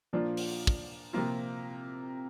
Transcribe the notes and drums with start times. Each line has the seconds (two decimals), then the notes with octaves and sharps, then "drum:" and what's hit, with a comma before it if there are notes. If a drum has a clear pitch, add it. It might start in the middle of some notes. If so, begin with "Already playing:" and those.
0.13 A#2 F3 A#3 D4 F4
0.37 drum: open hi-hat
0.67 drum: kick
1.13 C3 F3 A#3 F4